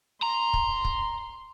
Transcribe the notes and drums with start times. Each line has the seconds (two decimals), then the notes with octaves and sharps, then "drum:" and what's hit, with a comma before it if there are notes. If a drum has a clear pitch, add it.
0.23 A#5 C6
0.54 drum: kick
0.85 drum: kick